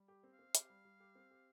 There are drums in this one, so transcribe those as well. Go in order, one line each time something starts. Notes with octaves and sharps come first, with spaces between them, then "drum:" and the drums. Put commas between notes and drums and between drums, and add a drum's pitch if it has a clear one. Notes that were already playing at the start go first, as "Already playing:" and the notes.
Already playing: G3
G4
C4
F5
C4
G4, drum: hi-hat
G3
G3
G4
C4
G4